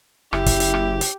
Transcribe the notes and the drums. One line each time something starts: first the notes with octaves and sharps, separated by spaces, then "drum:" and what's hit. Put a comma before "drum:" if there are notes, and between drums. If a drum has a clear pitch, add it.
F#1 E4 G4, drum: rim click
drum: kick, hi-hat
drum: hi-hat
drum: rim click
drum: hi-hat